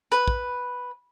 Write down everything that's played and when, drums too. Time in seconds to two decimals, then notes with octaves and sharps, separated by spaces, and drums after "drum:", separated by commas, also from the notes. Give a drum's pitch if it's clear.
0.12 B4, drum: hi-hat
0.28 drum: kick